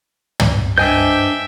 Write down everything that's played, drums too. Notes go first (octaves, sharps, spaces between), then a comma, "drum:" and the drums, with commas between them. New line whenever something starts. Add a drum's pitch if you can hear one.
drum: tom
G2 D4 C5 D#5 E5 G5 G#5 G6